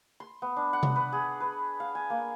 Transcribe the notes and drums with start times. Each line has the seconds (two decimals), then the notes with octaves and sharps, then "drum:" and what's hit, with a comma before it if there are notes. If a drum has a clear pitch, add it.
0.20 C6
0.42 B3
0.56 D4
0.73 F#5
0.83 drum: tom C3
0.96 B4
1.12 G#4
1.40 B4
1.80 F5
1.95 G#5
2.10 A#3